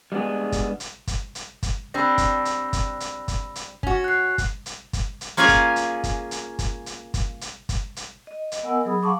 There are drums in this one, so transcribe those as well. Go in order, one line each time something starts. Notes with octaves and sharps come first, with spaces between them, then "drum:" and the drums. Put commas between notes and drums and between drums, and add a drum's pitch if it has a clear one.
G3 G#3 B3 D4 G#4
drum: kick, hi-hat
drum: hi-hat
drum: kick, hi-hat
drum: hi-hat
drum: kick, hi-hat
G3 C4 D4 B5 E6 A#6
drum: kick, hi-hat
drum: hi-hat
drum: kick, hi-hat
drum: hi-hat
drum: kick, hi-hat
drum: hi-hat
C#4 F#4, drum: kick
F#6 C7
drum: kick, hi-hat
drum: hi-hat
drum: kick, hi-hat
drum: hi-hat
A#3 C#4 F4 G#4 F5 G#5
drum: kick, hi-hat
drum: hi-hat
drum: kick, hi-hat
drum: hi-hat
drum: kick, hi-hat
drum: hi-hat
drum: kick, hi-hat
drum: hi-hat
drum: kick, hi-hat
drum: hi-hat
D#5
drum: hi-hat
B3 A#4 D#5 F#5 G#5 E6
F#3 G#4 B5 D#6
F5 F#5 A5 C#6 D6